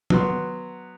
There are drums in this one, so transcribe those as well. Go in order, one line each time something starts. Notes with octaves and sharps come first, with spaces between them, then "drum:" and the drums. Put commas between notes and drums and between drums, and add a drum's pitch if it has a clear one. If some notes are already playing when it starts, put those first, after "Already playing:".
F#3 B3 C6, drum: tom D#3